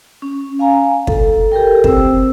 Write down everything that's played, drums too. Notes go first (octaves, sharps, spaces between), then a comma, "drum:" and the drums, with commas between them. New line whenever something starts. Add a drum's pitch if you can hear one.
C#4
F5 G#5 A#5
A4, drum: kick
G4 A4 A#4 G5
C4 C5 E6, drum: kick